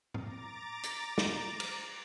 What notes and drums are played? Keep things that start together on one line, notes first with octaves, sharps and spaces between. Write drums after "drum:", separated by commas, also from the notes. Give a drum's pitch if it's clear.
A#5 D6 A6, drum: tom A2
drum: hi-hat
drum: snare
drum: cymbal